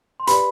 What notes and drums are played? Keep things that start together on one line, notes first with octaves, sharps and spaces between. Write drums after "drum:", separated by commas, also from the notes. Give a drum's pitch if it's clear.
C6
G4 B4 D5 B5, drum: hi-hat